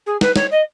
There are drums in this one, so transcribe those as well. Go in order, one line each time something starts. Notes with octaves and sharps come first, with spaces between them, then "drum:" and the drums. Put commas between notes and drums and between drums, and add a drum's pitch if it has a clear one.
G#4
B4, drum: snare
C#5, drum: snare
D#5